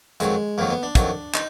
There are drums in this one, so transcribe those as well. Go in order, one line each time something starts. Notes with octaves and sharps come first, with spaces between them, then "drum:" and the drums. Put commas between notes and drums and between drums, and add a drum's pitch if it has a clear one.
F2 D#3 F#3 G#3, drum: hi-hat
F2 D#3 F#3 A#3
B3
D4
F2 D#3 F#3, drum: kick, hi-hat
D#4, drum: clap